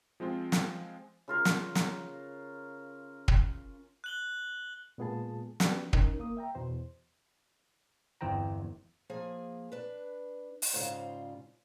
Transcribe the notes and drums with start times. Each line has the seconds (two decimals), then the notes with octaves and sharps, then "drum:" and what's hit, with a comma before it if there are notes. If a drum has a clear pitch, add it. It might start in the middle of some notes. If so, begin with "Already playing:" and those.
0.20 F3 G#3 C4 F4
0.52 drum: snare
1.28 C#3 F4 A#4
1.45 drum: snare
1.75 drum: snare
3.28 drum: kick
4.04 F#6 F#7 G7
4.98 A#2 G#3 B3 F4 G#4 A5
5.60 F#3 G3 B3 C#4 D4, drum: snare
5.93 C#4 D#4 A#4, drum: kick
6.20 A#3 D#6
6.37 E5 G5 A#5
6.55 E2 B2 C5
8.21 G1 E2 C4 G5 A#5
9.10 F3 A#3 G#4 G#5
9.72 D4 B4
10.62 drum: open hi-hat
10.73 G#2 C#3 G3 F4 B4 C5